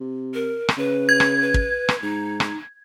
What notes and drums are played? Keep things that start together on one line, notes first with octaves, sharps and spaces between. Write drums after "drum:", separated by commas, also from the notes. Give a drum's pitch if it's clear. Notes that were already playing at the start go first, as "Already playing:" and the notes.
C3
A#4
drum: rim click
C#3 B4
G#6
drum: rim click
B4
drum: kick
drum: rim click
G#2 D#4
drum: rim click